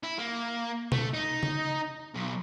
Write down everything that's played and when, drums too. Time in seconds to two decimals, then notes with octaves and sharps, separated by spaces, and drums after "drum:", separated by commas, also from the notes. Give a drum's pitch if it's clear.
0.03 E4
0.18 A#3
0.92 A3, drum: tom B2
1.14 D#4
1.43 drum: tom C#3
2.14 B1